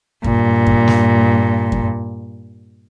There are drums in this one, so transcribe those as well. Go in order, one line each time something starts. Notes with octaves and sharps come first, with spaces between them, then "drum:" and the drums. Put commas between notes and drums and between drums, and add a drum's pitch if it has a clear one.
G2 A#2, drum: kick F#2
drum: kick F#2
drum: snare
drum: kick F#2